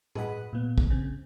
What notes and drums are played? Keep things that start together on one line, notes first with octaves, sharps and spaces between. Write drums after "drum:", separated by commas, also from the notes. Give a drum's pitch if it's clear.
G#4 B4 D#5 F#5 B5, drum: tom A2
A#2 B3
drum: kick
C#3 C4